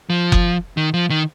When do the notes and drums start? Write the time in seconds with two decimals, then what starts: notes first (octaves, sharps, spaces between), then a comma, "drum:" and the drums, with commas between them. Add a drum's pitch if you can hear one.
0.10 F3
0.32 drum: kick F#1
0.77 D#3
0.94 F3
1.10 D#3